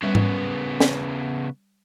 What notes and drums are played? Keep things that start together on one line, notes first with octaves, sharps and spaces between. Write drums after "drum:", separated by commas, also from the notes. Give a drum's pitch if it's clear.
C#3 G3 B3
drum: tom G#2
drum: snare